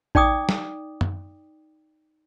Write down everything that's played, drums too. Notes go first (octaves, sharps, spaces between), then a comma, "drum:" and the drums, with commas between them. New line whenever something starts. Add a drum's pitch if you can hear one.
D#4 D5 G5 D6 D#6, drum: kick A1
drum: snare
drum: tom F#2